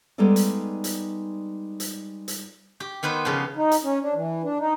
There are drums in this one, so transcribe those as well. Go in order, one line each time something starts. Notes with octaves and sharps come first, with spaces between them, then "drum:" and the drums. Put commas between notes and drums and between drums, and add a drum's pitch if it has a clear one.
G3 G#3 B3 D#4 A4 D5
drum: hi-hat
drum: hi-hat
drum: hi-hat
drum: hi-hat
G4
D#3 B3 B4 C5
C#3 F3 G4
D#4
drum: hi-hat
C#4
D4
E3
D4
D#4